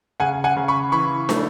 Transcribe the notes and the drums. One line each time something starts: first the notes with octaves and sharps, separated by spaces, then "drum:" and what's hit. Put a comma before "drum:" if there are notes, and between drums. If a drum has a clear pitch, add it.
C#3 F#5 G#5
F#5 G#5
C#3
B5 C#6
E3 B5 C#6
A3, drum: snare